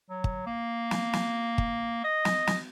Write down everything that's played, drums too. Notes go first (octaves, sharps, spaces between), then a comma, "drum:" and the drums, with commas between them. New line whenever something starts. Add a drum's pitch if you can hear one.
F#3
drum: kick
A#3
drum: snare
drum: snare
drum: kick
D#5
drum: snare
drum: snare